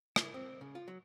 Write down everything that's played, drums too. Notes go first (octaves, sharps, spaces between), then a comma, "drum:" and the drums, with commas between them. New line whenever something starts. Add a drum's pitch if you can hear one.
E4, drum: rim click
C4
C#3
F4
F#3